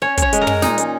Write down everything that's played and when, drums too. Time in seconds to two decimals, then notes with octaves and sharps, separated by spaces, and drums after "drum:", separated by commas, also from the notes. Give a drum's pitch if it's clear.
0.02 C#4 C#5
0.17 C#4 C#5, drum: kick, hi-hat
0.33 G#3, drum: hi-hat
0.41 A#4
0.47 G#3, drum: tom
0.62 A#2 D#4, drum: snare
0.78 C#4, drum: hi-hat